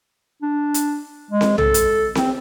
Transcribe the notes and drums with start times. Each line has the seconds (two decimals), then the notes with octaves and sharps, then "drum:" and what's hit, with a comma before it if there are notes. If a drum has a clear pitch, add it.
0.42 D4
0.74 drum: hi-hat
1.31 G#3
1.41 drum: snare C4
1.58 A4, drum: tom
1.74 drum: hi-hat
2.15 C4, drum: snare C4